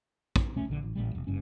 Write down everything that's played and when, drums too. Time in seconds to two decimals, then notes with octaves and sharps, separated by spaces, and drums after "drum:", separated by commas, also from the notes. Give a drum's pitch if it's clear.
0.36 drum: kick
0.56 D#1 B1 A3 C#4
0.69 A#1 D3
0.83 A1
0.95 A1 A#2 G3
1.15 E1
1.27 F#1 G2 C#4